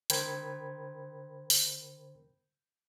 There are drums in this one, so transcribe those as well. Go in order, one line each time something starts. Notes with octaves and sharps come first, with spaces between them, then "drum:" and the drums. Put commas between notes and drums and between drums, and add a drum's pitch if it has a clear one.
D3 A#4 C5 G5 B5 G#6, drum: hi-hat
drum: open hi-hat